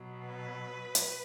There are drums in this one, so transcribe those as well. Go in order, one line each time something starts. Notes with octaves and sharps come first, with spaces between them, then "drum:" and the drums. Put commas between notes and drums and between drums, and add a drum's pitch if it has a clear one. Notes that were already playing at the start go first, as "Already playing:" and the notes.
Already playing: B2 F#3
B4
drum: hi-hat